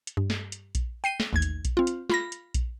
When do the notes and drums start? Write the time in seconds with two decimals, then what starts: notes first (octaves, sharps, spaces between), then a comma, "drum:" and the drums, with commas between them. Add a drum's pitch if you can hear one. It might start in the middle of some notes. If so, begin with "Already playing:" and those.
0.07 drum: hi-hat
0.17 G2
0.30 drum: snare
0.52 drum: hi-hat
0.75 drum: kick A#1, hi-hat
1.04 G5 C7 D#7
1.20 drum: snare
1.33 A1 D#2 G#6
1.42 drum: hi-hat
1.65 drum: kick A#1, hi-hat
1.77 C4 F4
1.87 drum: hi-hat
2.10 F4 B5 A#6, drum: snare
2.32 drum: hi-hat
2.54 drum: kick A#1, hi-hat